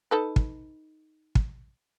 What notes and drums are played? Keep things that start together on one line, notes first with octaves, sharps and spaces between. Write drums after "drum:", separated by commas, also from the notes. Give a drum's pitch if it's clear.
D#4 A4 B4
drum: kick
drum: kick